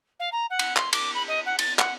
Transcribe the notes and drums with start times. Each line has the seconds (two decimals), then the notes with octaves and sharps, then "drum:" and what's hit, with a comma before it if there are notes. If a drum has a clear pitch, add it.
0.20 F5
0.32 A#5
0.50 F#5
0.59 drum: cymbal
0.77 C6, drum: clap
0.93 D6, drum: cymbal
1.15 B5
1.28 D#5
1.46 F#5
1.59 A6, drum: cymbal
1.79 F#5, drum: clap